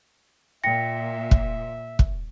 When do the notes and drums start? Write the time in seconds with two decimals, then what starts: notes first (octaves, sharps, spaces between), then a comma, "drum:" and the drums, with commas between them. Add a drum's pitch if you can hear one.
0.64 A#2 E5 G5 A#6 C#7
1.31 drum: kick
1.99 drum: kick